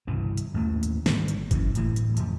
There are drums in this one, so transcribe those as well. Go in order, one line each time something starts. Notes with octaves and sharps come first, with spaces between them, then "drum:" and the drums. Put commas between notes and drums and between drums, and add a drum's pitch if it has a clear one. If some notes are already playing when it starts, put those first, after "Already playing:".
G1 C2 B2 E3
drum: hi-hat
A1 D#2 A3 A#3
drum: hi-hat
G#1 G3, drum: snare
drum: hi-hat
F#2 E3, drum: kick G1, hi-hat
D1 A2 E3 A3, drum: hi-hat
drum: hi-hat
E1 F2 F3 A3, drum: hi-hat